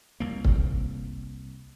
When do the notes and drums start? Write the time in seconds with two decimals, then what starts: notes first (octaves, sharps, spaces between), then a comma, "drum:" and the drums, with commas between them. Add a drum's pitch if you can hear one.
0.20 C2 A#3
0.45 drum: kick C#1